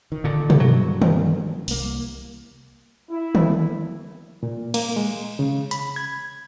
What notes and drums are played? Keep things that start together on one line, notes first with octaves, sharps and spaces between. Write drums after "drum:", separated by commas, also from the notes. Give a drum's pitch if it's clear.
D#3
A#2 D3
drum: tom B2
G2 F#3
drum: tom
C2 A#3, drum: open hi-hat
E4
drum: tom
A#2
A#3, drum: cymbal
G#3
C#3
B5, drum: hi-hat
G#6